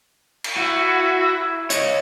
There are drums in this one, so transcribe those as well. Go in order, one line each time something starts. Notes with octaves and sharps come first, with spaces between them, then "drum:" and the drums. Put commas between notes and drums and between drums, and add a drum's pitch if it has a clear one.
drum: cymbal
E4 F#4
C#5 D#5, drum: hi-hat